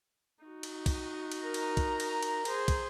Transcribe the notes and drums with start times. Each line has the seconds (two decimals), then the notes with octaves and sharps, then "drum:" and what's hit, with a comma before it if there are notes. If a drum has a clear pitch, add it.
0.44 D#4 F#4
0.63 drum: cymbal
0.86 drum: kick, cymbal
1.32 drum: cymbal
1.42 A#4 A#5
1.54 drum: cymbal
1.77 drum: kick, cymbal
2.00 drum: cymbal
2.23 drum: cymbal
2.45 G#4 C5, drum: cymbal
2.68 drum: kick, cymbal